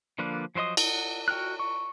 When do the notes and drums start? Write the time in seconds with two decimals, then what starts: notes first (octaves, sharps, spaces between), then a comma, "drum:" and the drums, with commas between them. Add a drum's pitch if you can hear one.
0.19 D3 F3 A#3 D4 B4
0.55 F3 F#3 C5 D#5 D#6
0.77 F#5, drum: cymbal
1.28 F#4 G5 F6 F#6
1.59 C#6